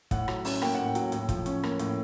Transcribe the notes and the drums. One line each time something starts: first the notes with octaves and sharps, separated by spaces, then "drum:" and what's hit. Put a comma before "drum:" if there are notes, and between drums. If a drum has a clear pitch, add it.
A2 F#5, drum: kick, hi-hat
F#3, drum: rim click
C#4, drum: open hi-hat
A#3 G5, drum: rim click
A2 F#5
G5
F#3, drum: hi-hat
A2, drum: hi-hat
F3, drum: kick, hi-hat
C#4, drum: hi-hat
A#3, drum: rim click
A2, drum: hi-hat